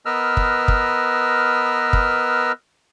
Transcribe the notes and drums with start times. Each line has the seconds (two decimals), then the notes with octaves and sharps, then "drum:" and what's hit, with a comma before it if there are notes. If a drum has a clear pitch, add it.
0.06 B3 A#4 B4 D#5 E6 F6
0.37 drum: kick
0.68 drum: kick
1.93 drum: kick